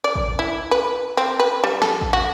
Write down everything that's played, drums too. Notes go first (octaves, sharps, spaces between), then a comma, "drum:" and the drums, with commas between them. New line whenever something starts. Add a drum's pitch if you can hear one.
D5
drum: kick A1
E4
B4
C4
B4
G3
A4, drum: snare
drum: kick A1
F#4